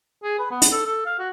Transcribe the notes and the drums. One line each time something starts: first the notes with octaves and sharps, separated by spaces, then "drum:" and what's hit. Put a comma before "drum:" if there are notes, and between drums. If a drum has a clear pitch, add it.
G#4
B4
B3
drum: hi-hat
A4
A4
F5
F#4